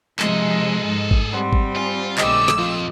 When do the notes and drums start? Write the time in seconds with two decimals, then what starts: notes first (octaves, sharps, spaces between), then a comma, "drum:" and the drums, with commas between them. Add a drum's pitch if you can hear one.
0.19 C3 F3 G#3 D#4 G#4 A4, drum: clap
0.87 G#2
1.11 drum: kick
1.33 G3 C4 C5 F#5 C6
1.53 drum: kick
1.76 F4 G#5
2.18 A#1 D3 A3 C#4 D#5 G5 D6 E6, drum: clap
2.48 drum: snare
2.58 F2 F4